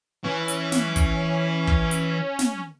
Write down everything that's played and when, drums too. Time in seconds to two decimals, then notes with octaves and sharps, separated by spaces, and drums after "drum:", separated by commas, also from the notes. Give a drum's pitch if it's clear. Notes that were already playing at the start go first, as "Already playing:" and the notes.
0.24 E3 C#4
0.48 drum: hi-hat
0.72 drum: snare
0.96 drum: kick, hi-hat
1.67 drum: kick
1.91 drum: hi-hat
2.39 drum: snare